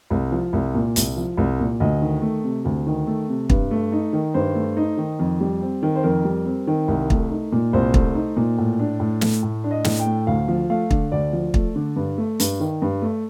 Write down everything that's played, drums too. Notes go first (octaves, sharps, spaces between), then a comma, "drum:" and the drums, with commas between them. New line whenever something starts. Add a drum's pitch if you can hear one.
C2
F3
C2
A#2
C2, drum: hi-hat
F3
C2
A#2
D2 D#5
D#3
A3
C3
D2
D#3
A3
C3
G2, drum: kick
A3
D#4
D#3
G2 C5
A3
D#4
D#3
F2
G3
C4
D#3
C5
F2 A#4
G3
C4
D#3
C2
A3, drum: kick
D#4
A#2
C2 C5
A3, drum: kick
D#4
A#2
A2
D4
A2
A3, drum: snare
A2
D4
D#5
A2, drum: snare
G5
A3
D2 F5
F3
A3 F5
D3, drum: kick
D2 D5
F3
A3, drum: kick
D3
G2
A3
G2, drum: hi-hat
D#3
G2
A3